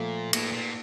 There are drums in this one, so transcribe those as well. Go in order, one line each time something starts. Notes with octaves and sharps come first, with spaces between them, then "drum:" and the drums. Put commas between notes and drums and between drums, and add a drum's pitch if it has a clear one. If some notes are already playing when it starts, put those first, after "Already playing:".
Already playing: A#2 F3 A3
A2 A#3, drum: cymbal
A#2